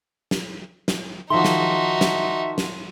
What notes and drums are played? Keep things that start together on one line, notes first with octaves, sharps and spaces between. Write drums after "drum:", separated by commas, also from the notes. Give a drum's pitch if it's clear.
drum: snare
drum: snare
D#3 F3 D#4 F#4 E5 C6
drum: snare
drum: snare
drum: snare